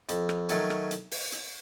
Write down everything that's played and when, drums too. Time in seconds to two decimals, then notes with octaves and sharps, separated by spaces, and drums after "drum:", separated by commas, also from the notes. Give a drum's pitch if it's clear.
0.09 F2, drum: hi-hat
0.29 drum: rim click
0.49 D#3 F#3 A3 C#4, drum: hi-hat
0.70 drum: rim click
0.91 drum: hi-hat
1.11 drum: open hi-hat
1.32 drum: hi-hat